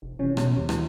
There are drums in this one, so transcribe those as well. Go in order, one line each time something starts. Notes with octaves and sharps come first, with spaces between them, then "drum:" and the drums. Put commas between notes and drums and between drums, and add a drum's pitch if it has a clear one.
F1
C3 E3 F3 C#4
B2 C#4, drum: rim click
D#2 C3
E3, drum: rim click